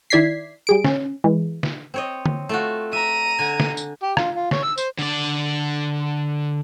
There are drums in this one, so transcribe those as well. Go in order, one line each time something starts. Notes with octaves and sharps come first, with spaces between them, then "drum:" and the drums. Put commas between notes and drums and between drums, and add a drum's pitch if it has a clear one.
D#3 E4 D5 G#6 B6 C7
G3 G#4 D7
C#4, drum: snare
E3 G#3
drum: snare
C4 C#5 D#5
drum: tom D3
A3 F4 F#4
E5 A#5 D#7
D3 G#5
drum: snare
drum: tambourine
G4
F4, drum: rim click
F4
C#5, drum: snare
E6
C5, drum: tambourine
D3 D5